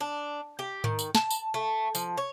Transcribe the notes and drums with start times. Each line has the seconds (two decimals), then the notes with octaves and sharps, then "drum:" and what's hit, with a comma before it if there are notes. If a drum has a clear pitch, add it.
0.01 D4
0.59 G4
0.84 D#3, drum: tom G#2
0.99 drum: tambourine
1.15 A5, drum: snare
1.30 drum: tambourine
1.54 A3
1.95 F3, drum: tambourine
2.17 C#5